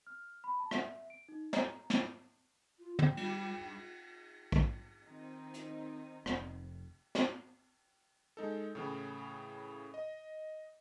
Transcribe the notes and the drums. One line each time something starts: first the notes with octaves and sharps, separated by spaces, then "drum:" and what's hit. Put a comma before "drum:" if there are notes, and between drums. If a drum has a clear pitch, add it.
F6
B5
A5
E5, drum: rim click
D7
D#4
A#5, drum: snare
drum: snare
F4
G5, drum: tom
G3, drum: cymbal
G2
drum: kick
D#3 C4 D#4
drum: hi-hat
F1, drum: rim click
drum: snare
G#3 D#4 A4
A2 C#3 E3
D#5